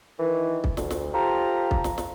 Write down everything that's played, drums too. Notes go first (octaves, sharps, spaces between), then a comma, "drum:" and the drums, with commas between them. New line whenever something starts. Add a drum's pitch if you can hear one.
D#3 E3
drum: kick
D2, drum: snare
drum: snare
F4 G4 A4 C5 A#5
drum: kick
drum: snare
drum: snare